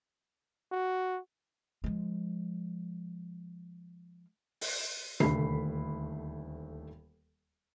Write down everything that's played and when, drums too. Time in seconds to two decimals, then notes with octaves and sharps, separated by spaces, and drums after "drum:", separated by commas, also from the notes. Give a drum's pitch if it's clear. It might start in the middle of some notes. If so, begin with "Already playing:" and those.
0.72 F#4
1.84 F3 G#3
4.61 drum: open hi-hat
5.20 D#1 D2 A3 B5 C7, drum: tom C3